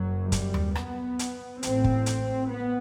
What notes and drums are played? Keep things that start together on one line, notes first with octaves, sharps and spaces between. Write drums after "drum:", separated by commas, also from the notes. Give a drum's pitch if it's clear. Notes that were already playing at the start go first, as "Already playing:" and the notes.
Already playing: F#1 F#2 F#3
G3, drum: kick, hi-hat
drum: tom D#2
B3, drum: rim click
drum: hi-hat
A1 A2 C4, drum: hi-hat
drum: kick
drum: hi-hat
B3